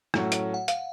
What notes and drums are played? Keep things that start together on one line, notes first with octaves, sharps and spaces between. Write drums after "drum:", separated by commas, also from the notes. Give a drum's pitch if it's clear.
A2 F#3 A3 C#4 F#4, drum: rim click
drum: hi-hat
F#5
F5, drum: hi-hat